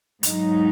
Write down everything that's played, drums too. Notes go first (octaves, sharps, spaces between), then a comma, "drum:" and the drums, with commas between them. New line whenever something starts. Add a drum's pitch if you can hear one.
G#2 F#3 D#4, drum: hi-hat